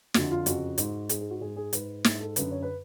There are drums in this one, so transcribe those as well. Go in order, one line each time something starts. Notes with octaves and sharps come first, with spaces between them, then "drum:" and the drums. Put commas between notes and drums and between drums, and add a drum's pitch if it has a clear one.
F2 D3 F#4, drum: snare
F4
F2 C#3 F#4, drum: hi-hat
G#2, drum: hi-hat
G#2 G#4, drum: hi-hat
G#4
F#4
G#2 G#4
G#4
G#2 B4, drum: hi-hat
G#2, drum: snare
A4
F#2 D3 B4, drum: hi-hat
C#5
B4